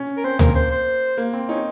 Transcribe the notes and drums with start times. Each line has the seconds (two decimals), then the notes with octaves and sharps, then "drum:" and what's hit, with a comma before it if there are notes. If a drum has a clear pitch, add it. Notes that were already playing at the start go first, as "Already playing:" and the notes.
Already playing: C#4
0.17 A#4
0.24 C4 C5
0.39 A#3 A#4, drum: tom D2
0.55 C5
0.71 C5
1.18 A#3
1.33 C4
1.49 C#4 D#4